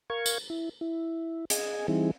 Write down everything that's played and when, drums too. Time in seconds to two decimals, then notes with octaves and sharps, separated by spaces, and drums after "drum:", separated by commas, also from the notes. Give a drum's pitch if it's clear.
0.10 A#4 F5 C#6 G#6
0.26 drum: tambourine
0.50 E4
0.81 E4
1.50 G#4 D#5 G#5, drum: hi-hat
1.88 E3 G3 C4 D#4 E4 G#4